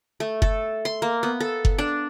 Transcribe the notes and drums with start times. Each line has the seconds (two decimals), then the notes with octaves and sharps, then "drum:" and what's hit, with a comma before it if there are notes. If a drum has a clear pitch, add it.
0.20 A3
0.42 A4, drum: kick F#1
0.85 C6
1.02 A#3
1.23 B3
1.40 A4
1.65 drum: kick F#1
1.78 D4